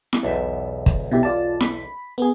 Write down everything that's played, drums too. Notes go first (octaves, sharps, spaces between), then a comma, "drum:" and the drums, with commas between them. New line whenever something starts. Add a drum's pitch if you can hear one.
drum: snare E4
B1 E2 E5
drum: kick
B2 E4 G4
F4 D5 A5
B5, drum: snare E4
B3 G#4